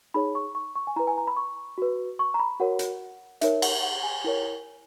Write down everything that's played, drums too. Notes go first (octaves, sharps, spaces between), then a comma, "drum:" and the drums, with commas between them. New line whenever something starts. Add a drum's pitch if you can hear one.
D#4 G#4 C#5 B5
C#6
C#6
C#6
G#5
E4 B4 A#5
G#5
A#5
B5
C#6
F#4 B4
C#6
A#5
B5
F#4 A#4 C#5 F#5
drum: hi-hat
D#4 A#4 C#5 E5, drum: hi-hat
F#5, drum: cymbal
F#5
G#5
E4 A#4 C#5